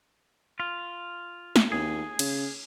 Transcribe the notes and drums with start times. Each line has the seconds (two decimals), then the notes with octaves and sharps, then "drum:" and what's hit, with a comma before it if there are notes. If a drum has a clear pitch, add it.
0.60 F4
1.56 drum: snare
1.72 D#2 G#4
2.19 C#3, drum: cymbal